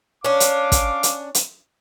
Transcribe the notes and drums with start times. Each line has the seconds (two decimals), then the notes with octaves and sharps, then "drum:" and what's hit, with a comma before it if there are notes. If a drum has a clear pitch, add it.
0.25 C#4 D4 F5 D6
0.40 drum: hi-hat
0.72 drum: kick, hi-hat
1.03 drum: hi-hat
1.35 drum: hi-hat